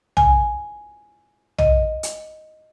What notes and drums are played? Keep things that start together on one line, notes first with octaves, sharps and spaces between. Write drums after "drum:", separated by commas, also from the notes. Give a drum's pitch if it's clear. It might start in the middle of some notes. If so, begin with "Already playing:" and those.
G#5, drum: tom B1
D#5, drum: tom B1
drum: hi-hat